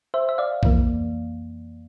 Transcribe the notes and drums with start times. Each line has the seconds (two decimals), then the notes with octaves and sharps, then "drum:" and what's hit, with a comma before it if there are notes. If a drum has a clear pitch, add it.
0.14 C5 E5
0.29 E5
0.38 D5 F5
0.63 F2 E3 A#3, drum: kick B1